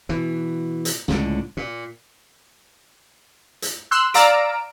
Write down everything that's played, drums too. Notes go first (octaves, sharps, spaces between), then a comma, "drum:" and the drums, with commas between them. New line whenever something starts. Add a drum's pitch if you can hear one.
B2 E3
drum: hi-hat
C#2 A2 D3, drum: snare
A#2
drum: hi-hat
C6 E6 F#6
D5 F5 A#5 E6 A#6 D7, drum: hi-hat